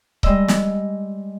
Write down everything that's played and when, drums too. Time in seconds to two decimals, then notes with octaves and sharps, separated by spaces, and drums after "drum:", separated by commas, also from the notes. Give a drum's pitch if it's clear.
0.23 G3 G#3 D#5 E6, drum: kick C#1
0.48 drum: snare